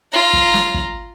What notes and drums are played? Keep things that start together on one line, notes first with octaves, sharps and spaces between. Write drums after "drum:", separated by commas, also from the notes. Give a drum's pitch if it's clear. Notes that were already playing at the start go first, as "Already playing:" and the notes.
F4 A#5
drum: kick
drum: snare
drum: kick